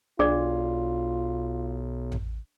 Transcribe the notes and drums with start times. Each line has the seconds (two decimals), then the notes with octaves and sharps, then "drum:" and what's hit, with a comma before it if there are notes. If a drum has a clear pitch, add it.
0.19 B1 D4 F4 G#4 D5
2.12 drum: tom A1